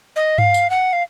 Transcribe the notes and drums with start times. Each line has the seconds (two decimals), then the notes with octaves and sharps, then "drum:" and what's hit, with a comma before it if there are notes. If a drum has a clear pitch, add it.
0.16 D#5
0.38 F5, drum: tom G2
0.54 drum: tambourine
0.70 F#5
0.93 F5